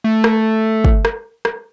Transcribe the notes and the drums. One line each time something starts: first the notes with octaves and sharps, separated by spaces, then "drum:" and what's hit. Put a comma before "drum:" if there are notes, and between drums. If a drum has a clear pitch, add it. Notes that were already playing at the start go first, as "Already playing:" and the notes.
A3
drum: rim click
drum: kick
drum: rim click
drum: rim click